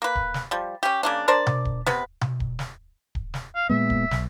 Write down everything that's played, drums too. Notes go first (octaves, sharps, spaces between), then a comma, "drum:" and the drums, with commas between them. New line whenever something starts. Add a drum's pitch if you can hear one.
A#3 B4
drum: kick D1
drum: snare
F3 G3
C#4 G4
C#3 A#3 D4
D4 A#4 C5 D5
drum: tom B2
drum: kick D1
C3 B3 B4, drum: snare
drum: tom B2
drum: kick D1
drum: snare
drum: kick D1
drum: snare
F5
A#2 G#3 B3 E5
drum: kick D1
B1, drum: snare